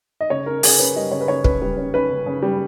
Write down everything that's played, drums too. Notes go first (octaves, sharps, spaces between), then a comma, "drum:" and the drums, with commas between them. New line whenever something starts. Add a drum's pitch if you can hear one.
D#5
C#3 C#5
C#4 A#4
C#3 G#4, drum: open hi-hat
C#4 B4
G3 D#5
C#3 C#5
B4
C#3 C#5
C#4 B4, drum: kick
G3 B4
C#4
C#4 B4
C#3
C#3
G3